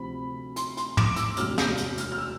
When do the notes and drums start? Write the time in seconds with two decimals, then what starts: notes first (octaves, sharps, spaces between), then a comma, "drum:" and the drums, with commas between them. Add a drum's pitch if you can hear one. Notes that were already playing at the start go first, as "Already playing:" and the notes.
Already playing: D2 C3 F3 C4 B5
0.56 C6, drum: hi-hat
0.77 C6, drum: hi-hat
0.97 D6, drum: tom
1.16 E6, drum: hi-hat
1.37 E1 D2 C3 F6, drum: hi-hat
1.58 G6, drum: snare
1.77 drum: hi-hat
1.98 F6, drum: hi-hat
2.12 F6
2.18 E6